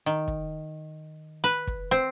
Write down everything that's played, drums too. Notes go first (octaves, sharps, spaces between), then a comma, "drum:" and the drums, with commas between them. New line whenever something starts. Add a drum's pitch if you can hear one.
D#3
drum: kick
B4
drum: kick
C4